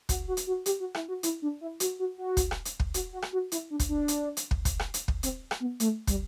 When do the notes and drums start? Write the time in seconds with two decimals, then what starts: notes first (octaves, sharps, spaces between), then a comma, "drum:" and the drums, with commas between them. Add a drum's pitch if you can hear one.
0.09 F#4, drum: kick, hi-hat
0.28 F#4
0.37 drum: hi-hat
0.47 F#4
0.66 G4, drum: hi-hat
0.80 F#4
0.95 E4, drum: rim click
1.08 F#4
1.23 E4, drum: hi-hat
1.42 D4
1.61 E4
1.80 F#4, drum: hi-hat
1.99 F#4
2.18 F#4
2.37 drum: kick, hi-hat
2.51 drum: rim click
2.65 drum: hi-hat
2.80 drum: kick
2.94 F#4, drum: hi-hat
3.13 F#4
3.22 drum: rim click
3.33 F#4
3.52 E4, drum: hi-hat
3.71 D4
3.80 drum: kick, hi-hat
3.89 D4
4.08 drum: hi-hat
4.37 drum: hi-hat
4.51 drum: kick
4.65 drum: kick, hi-hat
4.79 drum: rim click
4.94 drum: hi-hat
5.08 drum: kick
5.23 C4, drum: hi-hat
5.51 drum: rim click
5.60 B3
5.80 A3, drum: hi-hat
6.07 G3, drum: kick, hi-hat